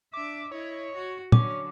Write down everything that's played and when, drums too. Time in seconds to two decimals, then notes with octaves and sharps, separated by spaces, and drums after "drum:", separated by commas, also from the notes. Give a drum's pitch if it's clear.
0.13 D4 E5 D6
0.51 E4 C#5 D#5
0.96 F#4
1.32 D3 F#3 C#4 D6, drum: tom